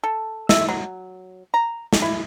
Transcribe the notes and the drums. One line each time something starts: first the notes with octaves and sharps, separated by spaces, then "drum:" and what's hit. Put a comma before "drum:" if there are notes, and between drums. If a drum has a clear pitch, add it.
A4
E5, drum: snare
F#3
A#5
drum: snare
E4